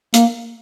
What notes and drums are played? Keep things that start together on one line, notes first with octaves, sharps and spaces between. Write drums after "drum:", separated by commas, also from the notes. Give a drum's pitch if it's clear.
A#3, drum: hi-hat